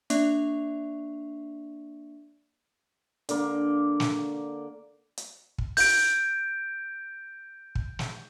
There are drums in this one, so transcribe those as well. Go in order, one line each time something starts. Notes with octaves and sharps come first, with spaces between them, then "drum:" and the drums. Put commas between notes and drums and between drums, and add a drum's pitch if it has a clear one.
A#3 D4 D5 E5 C#6 F7, drum: hi-hat
D3 A#3, drum: hi-hat
drum: snare
drum: hi-hat
drum: kick
G6 D7, drum: open hi-hat
drum: kick
drum: snare